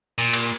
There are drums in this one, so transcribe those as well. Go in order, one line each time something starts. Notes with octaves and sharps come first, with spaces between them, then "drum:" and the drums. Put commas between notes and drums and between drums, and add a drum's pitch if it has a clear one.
A#2
drum: cymbal